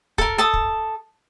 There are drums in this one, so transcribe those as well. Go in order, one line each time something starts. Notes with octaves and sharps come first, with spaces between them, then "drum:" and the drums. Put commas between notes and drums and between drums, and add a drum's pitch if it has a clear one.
A4 A#4, drum: kick
A4 A5 D#6
drum: kick